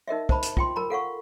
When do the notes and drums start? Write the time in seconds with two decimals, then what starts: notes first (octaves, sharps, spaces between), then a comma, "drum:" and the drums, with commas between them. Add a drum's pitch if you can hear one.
0.08 D#4 A#4 D#5 E5
0.29 C5 A5 B5, drum: kick
0.43 drum: hi-hat
0.57 F4 G5 C6, drum: kick
0.76 A#4 A#5 B5
0.90 A4 F5 F#5 C#6